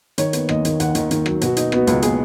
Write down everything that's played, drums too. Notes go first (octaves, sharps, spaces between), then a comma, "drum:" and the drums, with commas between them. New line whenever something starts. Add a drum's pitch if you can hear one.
D#3 C#5, drum: hi-hat
B3, drum: hi-hat
D#2 D#5, drum: rim click
D#3, drum: hi-hat
D#2 F#5, drum: hi-hat
D#3, drum: hi-hat
D#3, drum: hi-hat
F#3, drum: rim click
B2 F#4, drum: hi-hat
D#4, drum: hi-hat
B3 F#4, drum: rim click
C#2, drum: hi-hat
B3 G#4, drum: hi-hat